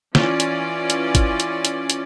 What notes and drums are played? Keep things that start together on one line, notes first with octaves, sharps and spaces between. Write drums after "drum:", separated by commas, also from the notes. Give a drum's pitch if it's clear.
E3 C#4 F4 D5, drum: snare
drum: hi-hat
drum: hi-hat
drum: kick, hi-hat
drum: hi-hat
drum: hi-hat
drum: hi-hat